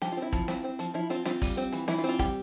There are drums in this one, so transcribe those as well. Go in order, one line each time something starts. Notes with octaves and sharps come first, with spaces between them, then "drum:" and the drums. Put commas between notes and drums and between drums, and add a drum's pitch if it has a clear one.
F3 G4, drum: snare
F4
C4
E4
F3, drum: kick
C4, drum: snare
C4
F3, drum: hi-hat
F3 E4
C4 F4, drum: hi-hat
C4 F4, drum: snare
G3, drum: kick, open hi-hat
C4
E3, drum: hi-hat
E3 E4, drum: snare
F4
C4, drum: hi-hat
F4
G3 G4, drum: kick